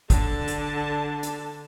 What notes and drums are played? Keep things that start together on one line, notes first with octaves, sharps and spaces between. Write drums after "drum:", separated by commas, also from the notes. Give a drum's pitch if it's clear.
D3 A5, drum: kick G#1, hi-hat
drum: hi-hat
drum: hi-hat